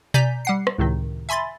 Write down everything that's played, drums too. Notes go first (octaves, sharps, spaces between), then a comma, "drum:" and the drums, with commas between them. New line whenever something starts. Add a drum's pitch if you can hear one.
D5 G#5 A#5 G6 B6, drum: tom B2
G3 F#5 C7
drum: rim click
C#2 A2 C3 D#3
E5 G#5 B5 C6 A6